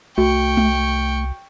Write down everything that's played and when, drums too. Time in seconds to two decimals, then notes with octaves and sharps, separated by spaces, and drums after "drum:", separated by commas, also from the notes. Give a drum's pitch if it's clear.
0.18 C2 A3 F#4 G5 C#6
0.57 drum: tom G#3